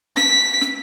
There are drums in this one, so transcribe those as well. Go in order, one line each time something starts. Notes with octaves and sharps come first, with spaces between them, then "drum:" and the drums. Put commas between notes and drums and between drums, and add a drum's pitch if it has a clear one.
B6, drum: snare
drum: snare